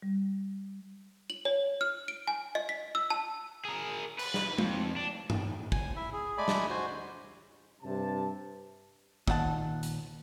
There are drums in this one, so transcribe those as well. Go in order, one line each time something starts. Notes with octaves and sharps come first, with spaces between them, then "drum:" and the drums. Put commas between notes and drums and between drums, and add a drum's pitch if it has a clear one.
G3
F#7
C#5
F6
D7
G#5
D#5
B6
E6
A5
G#4 A#4
B4, drum: cymbal
drum: snare
F2, drum: tom G#3
D4
drum: tom G2
G#5, drum: kick
E4 E5
G#4
G#3 A3 D5 G#5 B5
drum: snare
F#4 C5 G#5
G2 C3 A5
A#2 D#3 F#5 A5, drum: kick
drum: hi-hat